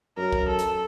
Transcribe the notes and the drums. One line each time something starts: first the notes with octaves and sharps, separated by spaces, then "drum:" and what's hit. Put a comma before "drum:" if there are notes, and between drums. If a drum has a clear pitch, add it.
F#2 A#4
drum: kick C2
A4
drum: hi-hat